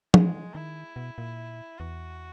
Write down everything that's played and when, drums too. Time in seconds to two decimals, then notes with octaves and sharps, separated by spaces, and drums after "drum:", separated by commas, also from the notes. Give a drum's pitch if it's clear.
0.14 E3 G#3, drum: tom F3
0.55 D#3 E4
0.96 B2
1.18 A#2
1.79 E2 F#4